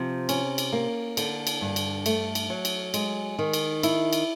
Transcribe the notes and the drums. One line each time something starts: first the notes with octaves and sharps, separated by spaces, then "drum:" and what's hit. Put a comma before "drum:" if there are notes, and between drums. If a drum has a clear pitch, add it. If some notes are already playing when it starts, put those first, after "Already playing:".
Already playing: C3 F3
C#4, drum: cymbal
drum: cymbal
A#3
D3, drum: cymbal
drum: cymbal
G2
drum: cymbal
A3, drum: cymbal
drum: cymbal
F#3
drum: cymbal
G#3, drum: cymbal
D#3
drum: cymbal
E4, drum: cymbal
drum: cymbal